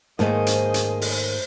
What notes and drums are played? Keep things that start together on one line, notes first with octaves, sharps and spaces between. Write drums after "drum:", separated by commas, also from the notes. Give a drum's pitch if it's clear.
G#2 D#3 A3 A#3 G#4 C5 D#5, drum: snare
drum: hi-hat
drum: hi-hat
drum: open hi-hat